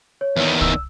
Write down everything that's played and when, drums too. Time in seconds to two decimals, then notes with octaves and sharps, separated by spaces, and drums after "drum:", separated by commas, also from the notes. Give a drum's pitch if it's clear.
0.21 C#5
0.37 E2 D#3
0.61 E6, drum: kick